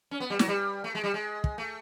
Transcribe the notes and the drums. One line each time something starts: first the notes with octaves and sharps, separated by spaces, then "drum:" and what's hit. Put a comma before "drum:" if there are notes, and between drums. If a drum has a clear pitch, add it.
C#4
B3
G3
F#3, drum: snare
G3
A3
G#3
G3
G#3
drum: kick
A3